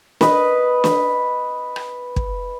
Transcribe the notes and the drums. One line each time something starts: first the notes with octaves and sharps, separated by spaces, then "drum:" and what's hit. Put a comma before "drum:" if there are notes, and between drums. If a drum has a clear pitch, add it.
B4 D#5, drum: snare
drum: snare
drum: rim click
drum: kick